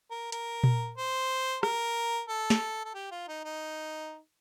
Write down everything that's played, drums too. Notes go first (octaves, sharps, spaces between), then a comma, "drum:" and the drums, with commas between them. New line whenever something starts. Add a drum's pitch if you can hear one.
A#4
A#4, drum: hi-hat
drum: tom A#2
C5
A#4, drum: rim click
A4
drum: snare
A4
G4
F4
D#4
D#4